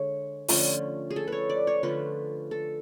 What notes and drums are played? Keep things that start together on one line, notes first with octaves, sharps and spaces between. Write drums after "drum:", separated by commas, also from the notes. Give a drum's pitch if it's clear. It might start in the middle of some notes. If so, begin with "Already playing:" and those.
Already playing: D3 G#3 C#5
D3 F3 A3 C#4, drum: open hi-hat
G#4
A4
B4 C#5
D5
C#5
D3 F3 A3 C#4 B4
A4